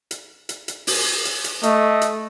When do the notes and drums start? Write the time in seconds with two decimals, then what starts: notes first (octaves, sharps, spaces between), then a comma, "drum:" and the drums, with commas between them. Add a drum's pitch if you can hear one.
0.11 drum: hi-hat
0.49 drum: hi-hat
0.68 drum: hi-hat
0.87 drum: open hi-hat
1.25 drum: hi-hat
1.44 drum: hi-hat
1.63 A3 D#5, drum: hi-hat
2.01 drum: hi-hat